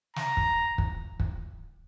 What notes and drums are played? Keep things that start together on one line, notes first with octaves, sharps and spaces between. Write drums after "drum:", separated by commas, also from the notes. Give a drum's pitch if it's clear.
A#5, drum: snare
drum: kick
drum: kick
drum: kick